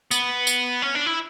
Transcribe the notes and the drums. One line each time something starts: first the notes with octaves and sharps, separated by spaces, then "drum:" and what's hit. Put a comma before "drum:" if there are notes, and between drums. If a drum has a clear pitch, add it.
B3, drum: tambourine
drum: tambourine
C#4
D4
E4